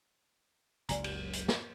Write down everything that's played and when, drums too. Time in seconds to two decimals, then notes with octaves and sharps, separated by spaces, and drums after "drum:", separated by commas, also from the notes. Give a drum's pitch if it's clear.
0.89 F#1 C#2 F#3 D5 G#5 A#5, drum: hi-hat
1.04 drum: cymbal
1.33 drum: hi-hat
1.48 drum: snare